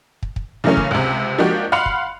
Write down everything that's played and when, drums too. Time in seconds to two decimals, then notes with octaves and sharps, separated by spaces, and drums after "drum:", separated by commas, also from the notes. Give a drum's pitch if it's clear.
0.23 drum: kick
0.36 drum: kick
0.64 C#3 E3 F#3 A3 A#3 C#4
0.77 drum: kick
0.91 C#2 C3
1.39 F3 G#3 A#3 D4 F#4 G4
1.72 F5 F#5 B5 C6 C#7 F7
1.86 drum: kick